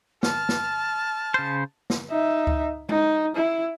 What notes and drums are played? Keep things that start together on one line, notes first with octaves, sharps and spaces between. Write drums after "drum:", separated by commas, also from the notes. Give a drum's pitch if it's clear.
A5 F6, drum: snare
drum: snare
C#3 C5
drum: snare
D#4 E5
drum: kick C#2
D#4, drum: tom G#3
E4